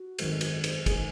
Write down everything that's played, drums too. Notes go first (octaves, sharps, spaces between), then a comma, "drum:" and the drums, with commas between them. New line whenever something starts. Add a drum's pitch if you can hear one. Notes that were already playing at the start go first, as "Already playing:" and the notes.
Already playing: F#4
G#1 F#2 D#3 G#3, drum: cymbal
drum: cymbal
drum: cymbal
D#3 G#3 G#4, drum: kick G1, cymbal